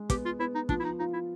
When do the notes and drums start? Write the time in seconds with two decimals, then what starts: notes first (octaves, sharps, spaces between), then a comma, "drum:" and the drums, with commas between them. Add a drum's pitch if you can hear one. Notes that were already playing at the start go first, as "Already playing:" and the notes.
Already playing: G#3
0.10 B3 G4, drum: kick, hi-hat
0.25 F4
0.40 B3 E4
0.55 D#4
0.69 F3 D4, drum: kick
0.80 E4
0.84 D#4
0.99 D#4 F4
1.13 E4